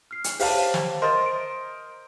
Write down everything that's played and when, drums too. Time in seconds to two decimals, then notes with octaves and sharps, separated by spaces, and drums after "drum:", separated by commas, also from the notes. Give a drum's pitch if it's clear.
0.11 F6 C7
0.24 drum: hi-hat
0.39 G4 C5 C#5 F5 A5, drum: open hi-hat
0.74 drum: snare
1.02 A#4 C5 D#5 C6 A6
1.26 D7